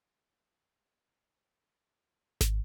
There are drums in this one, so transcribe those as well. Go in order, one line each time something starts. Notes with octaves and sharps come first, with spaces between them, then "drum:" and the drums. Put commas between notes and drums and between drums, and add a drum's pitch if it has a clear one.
F2 C#3
drum: snare G#1